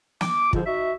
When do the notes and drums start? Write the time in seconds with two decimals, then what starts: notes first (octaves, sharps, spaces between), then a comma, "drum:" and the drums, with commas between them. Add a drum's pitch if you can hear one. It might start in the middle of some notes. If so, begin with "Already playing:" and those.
0.21 D6, drum: snare
0.53 G#2 D3 F3 F4, drum: kick
0.65 D#4 F#4 E5